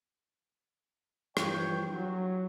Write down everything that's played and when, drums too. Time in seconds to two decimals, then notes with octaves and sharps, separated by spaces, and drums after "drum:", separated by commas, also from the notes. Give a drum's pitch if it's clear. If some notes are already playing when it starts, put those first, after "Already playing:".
1.37 G2 E3 F3 C#5 G5, drum: rim click
1.92 F#3